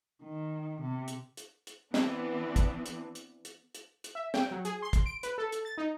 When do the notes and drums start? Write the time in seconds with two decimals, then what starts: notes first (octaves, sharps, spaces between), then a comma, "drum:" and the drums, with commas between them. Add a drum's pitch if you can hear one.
0.24 D#3
0.82 C3
1.08 drum: hi-hat
1.37 drum: hi-hat
1.67 drum: hi-hat
1.94 E3 B3 C4 D4, drum: snare
2.56 drum: kick, hi-hat
2.86 drum: hi-hat
3.15 drum: hi-hat
3.45 drum: hi-hat
3.75 drum: hi-hat
4.04 drum: hi-hat
4.15 E5
4.34 G5, drum: snare
4.51 F#3
4.65 G#4, drum: hi-hat
4.82 C6
4.93 drum: kick, hi-hat
5.06 D7
5.23 B4, drum: hi-hat
5.38 A4
5.52 drum: hi-hat
5.65 A6
5.78 D#4